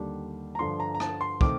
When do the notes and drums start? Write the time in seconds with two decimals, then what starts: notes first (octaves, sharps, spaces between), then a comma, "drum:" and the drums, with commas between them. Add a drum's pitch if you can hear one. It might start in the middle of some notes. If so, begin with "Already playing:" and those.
Already playing: D#2 D3 G3 D4
0.55 A#5
0.59 G2 D3 F3 C6
0.80 A#5
0.95 A#5
1.00 A5, drum: rim click
1.21 C6
1.41 D#3 A3 C4 D6, drum: kick